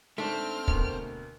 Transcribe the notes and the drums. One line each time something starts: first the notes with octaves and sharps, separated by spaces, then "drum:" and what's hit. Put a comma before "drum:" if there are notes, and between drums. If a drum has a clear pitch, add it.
G#2 A3 C4 D4 F6
D2 B2 A#3, drum: kick